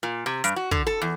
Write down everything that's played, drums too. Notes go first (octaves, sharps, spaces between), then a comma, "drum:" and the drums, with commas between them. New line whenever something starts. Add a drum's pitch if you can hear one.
A#2
C3
G2, drum: hi-hat
F#4
D3, drum: kick
A4
E2